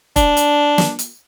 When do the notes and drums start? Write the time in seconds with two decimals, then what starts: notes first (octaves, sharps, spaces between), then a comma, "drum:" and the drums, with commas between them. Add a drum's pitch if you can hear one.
0.16 D4, drum: kick E1, hi-hat
0.37 drum: hi-hat
0.78 drum: snare
0.99 drum: hi-hat